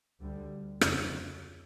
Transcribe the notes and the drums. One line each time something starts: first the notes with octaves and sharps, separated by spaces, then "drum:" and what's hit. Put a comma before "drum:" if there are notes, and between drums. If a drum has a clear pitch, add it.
D2 D3 G3
F2 C#3 F#3, drum: rim click